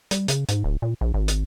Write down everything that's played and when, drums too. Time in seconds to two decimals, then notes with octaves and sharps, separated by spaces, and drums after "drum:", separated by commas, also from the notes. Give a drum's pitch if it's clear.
0.11 G3, drum: hi-hat
0.28 C#3, drum: hi-hat
0.49 G#2, drum: hi-hat
0.64 D1
0.82 A#2
1.01 A#1
1.14 G#1
1.28 drum: hi-hat